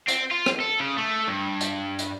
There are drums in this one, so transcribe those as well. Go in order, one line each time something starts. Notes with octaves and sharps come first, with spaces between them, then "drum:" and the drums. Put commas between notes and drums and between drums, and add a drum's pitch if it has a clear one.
C4, drum: hi-hat
F4
drum: rim click
A4
C#3
A3
G2
drum: hi-hat
drum: hi-hat